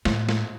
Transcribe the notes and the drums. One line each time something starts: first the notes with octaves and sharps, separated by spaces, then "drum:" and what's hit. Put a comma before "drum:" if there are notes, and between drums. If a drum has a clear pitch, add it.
A2, drum: snare
drum: snare